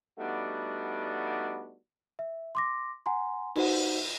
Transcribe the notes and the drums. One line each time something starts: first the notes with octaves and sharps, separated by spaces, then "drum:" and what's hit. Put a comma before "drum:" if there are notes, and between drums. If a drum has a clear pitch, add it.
G3 A3 B3 D4 D#4 F#4
E5
C6 D6 A#6
F#5 G#5 A#5 C6
D#4 F#4 C5 F#5, drum: cymbal